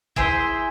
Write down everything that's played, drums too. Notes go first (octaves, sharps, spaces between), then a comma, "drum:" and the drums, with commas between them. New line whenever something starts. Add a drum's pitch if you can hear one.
E4 G#4 C5 E5, drum: kick